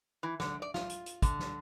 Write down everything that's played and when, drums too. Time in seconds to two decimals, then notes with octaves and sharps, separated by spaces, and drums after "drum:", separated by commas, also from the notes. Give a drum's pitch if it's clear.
0.23 E3
0.40 D3, drum: snare
0.62 D5
0.74 F4, drum: snare
0.90 drum: hi-hat
1.06 drum: hi-hat
1.22 D3, drum: kick, hi-hat
1.39 drum: snare